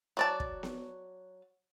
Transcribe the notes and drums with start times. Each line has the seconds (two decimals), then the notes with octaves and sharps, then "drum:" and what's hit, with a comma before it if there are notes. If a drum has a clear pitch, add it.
0.17 F#3 D5 A5
0.40 drum: kick
0.63 drum: snare B3